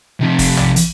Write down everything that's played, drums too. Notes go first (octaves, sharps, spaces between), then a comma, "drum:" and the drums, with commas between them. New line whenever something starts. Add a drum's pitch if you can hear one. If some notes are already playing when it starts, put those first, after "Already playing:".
F2 C3
drum: kick, open hi-hat
drum: tom
drum: hi-hat